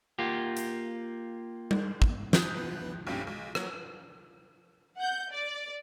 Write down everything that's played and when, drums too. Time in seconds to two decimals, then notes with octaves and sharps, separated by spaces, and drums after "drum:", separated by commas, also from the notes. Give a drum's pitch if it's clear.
0.19 A#3 F4 G4
0.57 drum: hi-hat
1.71 drum: tom G3
2.02 drum: kick
2.33 D#6 F#6 G6, drum: snare
2.55 E3 B3 B4
3.07 B1 G2 A3 C4 C#4 G4
3.27 B1 G#3
3.55 F#3 A#3, drum: rim click
4.98 F#5 G6
5.31 D5